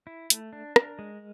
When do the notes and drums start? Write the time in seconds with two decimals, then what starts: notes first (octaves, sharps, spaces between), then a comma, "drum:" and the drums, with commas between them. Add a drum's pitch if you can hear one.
0.07 E4
0.30 A3, drum: hi-hat
0.53 D4
0.76 A#4, drum: rim click
0.99 G#3